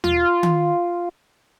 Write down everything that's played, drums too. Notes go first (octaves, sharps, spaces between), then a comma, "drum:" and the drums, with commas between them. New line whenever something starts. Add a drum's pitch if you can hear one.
F4, drum: tom D#2
drum: tom D#3